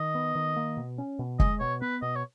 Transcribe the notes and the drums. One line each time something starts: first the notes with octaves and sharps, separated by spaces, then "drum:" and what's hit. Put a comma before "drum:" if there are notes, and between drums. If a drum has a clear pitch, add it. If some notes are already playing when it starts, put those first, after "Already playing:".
Already playing: D#3 D#5
B3
D#3
A#3
B2
C#4
B2
G#3 D#5, drum: kick
B2 C#5
B3 B4
B2 D#5
C#5